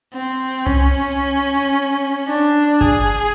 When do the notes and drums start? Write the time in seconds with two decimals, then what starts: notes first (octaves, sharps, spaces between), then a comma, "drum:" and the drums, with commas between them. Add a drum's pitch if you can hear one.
0.13 C4
0.66 C#4, drum: tom C2
0.96 drum: open hi-hat
2.27 D4
2.81 G#4, drum: kick G1